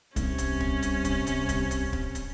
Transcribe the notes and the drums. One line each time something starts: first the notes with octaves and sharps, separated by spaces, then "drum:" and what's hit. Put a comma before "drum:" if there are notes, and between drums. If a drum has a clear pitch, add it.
C2 C3 C#4, drum: kick, hi-hat
drum: hi-hat
drum: kick
drum: hi-hat
drum: kick, hi-hat
drum: hi-hat
drum: kick, hi-hat
drum: hi-hat
drum: kick
drum: hi-hat